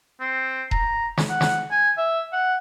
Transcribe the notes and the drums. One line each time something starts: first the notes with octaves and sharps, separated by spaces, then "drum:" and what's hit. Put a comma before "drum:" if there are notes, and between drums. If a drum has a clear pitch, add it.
C4
A#5, drum: kick D#1
drum: snare
F#5
drum: snare
G#5
E5
F#5